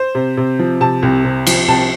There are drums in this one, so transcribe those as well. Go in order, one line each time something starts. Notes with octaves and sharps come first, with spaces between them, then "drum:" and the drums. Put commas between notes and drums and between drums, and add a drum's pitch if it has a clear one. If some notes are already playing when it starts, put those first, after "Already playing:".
Already playing: C5
C3
C3
F3
C3 A5
C2
C3
F3, drum: cymbal
C2 A5